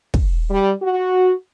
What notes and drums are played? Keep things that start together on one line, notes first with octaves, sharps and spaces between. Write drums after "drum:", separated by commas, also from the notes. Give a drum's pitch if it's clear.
drum: kick
G3
F#4